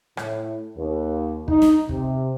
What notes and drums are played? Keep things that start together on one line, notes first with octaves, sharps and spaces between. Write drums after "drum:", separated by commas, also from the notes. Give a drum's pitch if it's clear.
A2, drum: rim click
D#2
D#4, drum: kick
drum: snare
C3, drum: kick